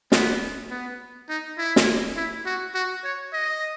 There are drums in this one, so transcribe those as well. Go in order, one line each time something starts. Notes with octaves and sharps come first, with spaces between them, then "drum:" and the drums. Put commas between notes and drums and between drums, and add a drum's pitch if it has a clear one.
B3, drum: snare
B3
D#4
E4
drum: snare
E4
F#4
F#4
C#5
D#5